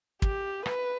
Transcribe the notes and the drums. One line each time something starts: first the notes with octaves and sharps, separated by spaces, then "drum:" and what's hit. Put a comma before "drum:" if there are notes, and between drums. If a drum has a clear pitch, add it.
G4, drum: kick
B4, drum: rim click